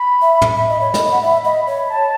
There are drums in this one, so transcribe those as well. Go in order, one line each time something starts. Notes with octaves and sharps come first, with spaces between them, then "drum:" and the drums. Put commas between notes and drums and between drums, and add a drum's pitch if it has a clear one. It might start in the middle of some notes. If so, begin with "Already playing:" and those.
Already playing: B5
E5
drum: tom
E5 B5
D#5
C#5
D#5, drum: snare
F#5
E5
D#5
C#5
A5